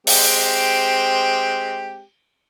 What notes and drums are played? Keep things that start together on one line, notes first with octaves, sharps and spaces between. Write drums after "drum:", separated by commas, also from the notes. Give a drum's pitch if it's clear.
G#3 C4 G4, drum: open hi-hat